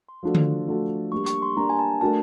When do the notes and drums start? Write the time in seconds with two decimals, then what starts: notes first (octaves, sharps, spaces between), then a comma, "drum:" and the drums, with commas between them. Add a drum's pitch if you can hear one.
0.09 C6
0.23 F3 A3 D4 F#4 A4
0.35 drum: tom D3
0.67 F3 A3 D4 F#4 A4
1.12 G3 A#3 D4 C#6
1.26 C#6, drum: hi-hat
1.42 C6
1.57 G3 A#3 D4 A#5
1.70 G#5
1.79 A5
2.01 A3 D4 F#4 A#4 A5